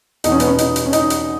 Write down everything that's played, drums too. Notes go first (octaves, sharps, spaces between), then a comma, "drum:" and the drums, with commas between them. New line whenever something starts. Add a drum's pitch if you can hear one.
E2 B2 D#4, drum: hi-hat
C#4
B3, drum: hi-hat
C#4
D#4, drum: hi-hat
drum: hi-hat
C#4
D#4, drum: hi-hat
drum: hi-hat